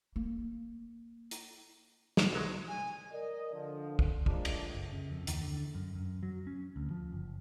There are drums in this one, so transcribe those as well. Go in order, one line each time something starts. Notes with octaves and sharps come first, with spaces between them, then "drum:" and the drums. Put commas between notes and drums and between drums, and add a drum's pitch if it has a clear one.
A#3
drum: hi-hat
drum: snare
C2 F#3 G#3
G#5
A#4 D5 D#5
D3 F3
drum: kick
F3 G#3 A#3 D4, drum: kick
drum: cymbal
F#1
C#3
F2
D#2, drum: hi-hat
D3
F#2
F#2
F#3
C#4
D2
F3
F#1